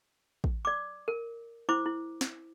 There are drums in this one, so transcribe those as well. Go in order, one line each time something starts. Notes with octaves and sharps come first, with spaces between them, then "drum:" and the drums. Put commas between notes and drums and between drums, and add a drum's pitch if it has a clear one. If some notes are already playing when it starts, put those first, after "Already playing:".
drum: kick
D5 D6
A#4
E4 C5 D6
E4
drum: snare